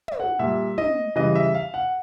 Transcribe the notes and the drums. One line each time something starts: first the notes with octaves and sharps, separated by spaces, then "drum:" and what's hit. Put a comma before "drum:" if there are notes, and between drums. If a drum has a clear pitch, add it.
drum: tom
F#5
A#2 G3 E5
D#5, drum: tom
C#3 E3 G3 D#5
E5
F5
F#5